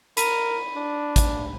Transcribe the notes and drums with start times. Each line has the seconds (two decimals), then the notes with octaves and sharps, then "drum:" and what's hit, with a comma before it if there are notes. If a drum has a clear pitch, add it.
0.17 A#4 B5 B6 D#7, drum: hi-hat
0.75 D4
1.16 drum: kick, hi-hat